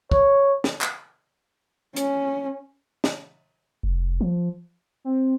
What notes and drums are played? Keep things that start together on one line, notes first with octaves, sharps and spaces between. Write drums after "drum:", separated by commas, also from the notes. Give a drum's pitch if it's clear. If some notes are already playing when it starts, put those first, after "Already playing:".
C#5, drum: kick
drum: snare
drum: clap
C#4, drum: hi-hat
drum: snare
F1
F3
C4